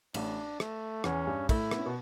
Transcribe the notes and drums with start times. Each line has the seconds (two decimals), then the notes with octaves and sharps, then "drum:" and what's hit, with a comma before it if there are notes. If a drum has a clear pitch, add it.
0.14 A1 A2 D4, drum: cymbal
0.60 A3, drum: rim click
1.04 E2 E3 C#4, drum: rim click
1.27 G2 G3
1.49 A2 A3 E4, drum: kick, cymbal
1.71 B3, drum: rim click
1.79 C#4
1.86 B2 B3